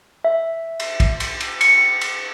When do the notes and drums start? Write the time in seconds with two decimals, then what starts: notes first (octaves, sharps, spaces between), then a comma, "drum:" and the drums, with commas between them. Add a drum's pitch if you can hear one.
0.25 E5
0.80 drum: cymbal
1.00 drum: kick, cymbal
1.20 drum: cymbal
1.40 drum: cymbal
1.61 C#7, drum: cymbal
2.01 drum: cymbal